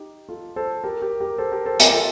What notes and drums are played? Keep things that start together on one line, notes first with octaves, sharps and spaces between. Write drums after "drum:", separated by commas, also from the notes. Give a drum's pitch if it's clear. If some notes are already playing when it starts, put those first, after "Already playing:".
Already playing: D#4 G4
F4 A4
A4 C5
G4 A#4
G4 A#4
G4 A#4
A4 C5
G4 A#4
A4 C5
G4 A#4, drum: hi-hat
F4 A4